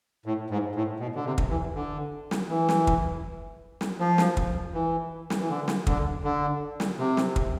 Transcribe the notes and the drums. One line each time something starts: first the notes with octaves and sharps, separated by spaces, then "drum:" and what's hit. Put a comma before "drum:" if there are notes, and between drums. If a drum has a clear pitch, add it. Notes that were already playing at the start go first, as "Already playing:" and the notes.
A2
G#2
A2
B2
D3
C3
drum: kick
E3
D3
drum: snare
E3
drum: snare
drum: kick
drum: snare
F3
drum: snare
drum: kick
E3
drum: snare
E3
D3
drum: snare
D3, drum: kick
D3
drum: snare
C3
drum: snare
drum: kick